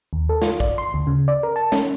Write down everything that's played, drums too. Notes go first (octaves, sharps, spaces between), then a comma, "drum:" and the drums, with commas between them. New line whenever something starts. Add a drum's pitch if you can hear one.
D#2
A4
F4, drum: snare
D5, drum: kick
C6
D2
C#3
D5
A#4
A5
C#4, drum: snare